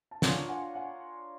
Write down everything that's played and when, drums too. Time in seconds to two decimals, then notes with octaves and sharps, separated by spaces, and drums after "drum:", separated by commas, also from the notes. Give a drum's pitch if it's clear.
0.11 A5
0.22 D4 F4 A#4 C#5 F#5 G#5, drum: snare
0.49 F#5 G#5
0.75 F#5 G#5